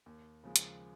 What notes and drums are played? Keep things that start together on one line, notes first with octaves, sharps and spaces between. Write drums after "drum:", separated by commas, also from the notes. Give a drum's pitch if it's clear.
D#2
C#3 F3 G#3
drum: hi-hat